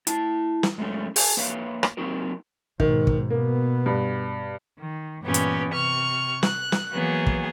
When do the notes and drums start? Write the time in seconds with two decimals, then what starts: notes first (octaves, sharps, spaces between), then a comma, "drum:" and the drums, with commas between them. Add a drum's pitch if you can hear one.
0.07 E4 A5, drum: hi-hat
0.63 drum: snare
0.78 F#2 G#3 A3 C#4
1.16 G#4 G#5 A5, drum: open hi-hat
1.37 A#3 B4 C#5 E5 F5
1.83 drum: rim click
1.97 F#3 A#3 C4 D#4 F#4 A#4
2.80 G#2 B2 D#3, drum: kick
3.07 drum: kick
3.30 B2 A#3 B3
3.86 G2
4.79 D#3
5.23 G2 A#2 E3 B3 C#4 G4
5.34 drum: hi-hat
5.73 C3 C#6 F6
6.43 F#6, drum: snare
6.72 drum: snare
6.91 E3 F#3 A#3 B3 G#4
7.27 drum: kick